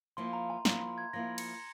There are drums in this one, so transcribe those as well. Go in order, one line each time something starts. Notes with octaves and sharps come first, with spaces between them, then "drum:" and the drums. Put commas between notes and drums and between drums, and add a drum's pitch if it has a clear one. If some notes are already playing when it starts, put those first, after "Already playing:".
F3 A#3 E4 C6
A#5
G#5
F3 A#3 E4 A#5, drum: snare
C6
G#6
F3 A#3 E4 A#6
C#7, drum: cymbal